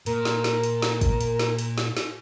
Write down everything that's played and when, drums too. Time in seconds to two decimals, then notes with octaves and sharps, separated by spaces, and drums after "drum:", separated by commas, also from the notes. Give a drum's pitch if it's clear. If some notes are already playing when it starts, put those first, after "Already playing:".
0.06 A#2 A#4, drum: hi-hat
0.25 drum: snare
0.44 drum: snare
0.63 drum: hi-hat
0.82 drum: snare
1.01 drum: kick, hi-hat
1.20 drum: hi-hat
1.39 drum: snare
1.59 drum: hi-hat
1.78 drum: snare
1.97 drum: snare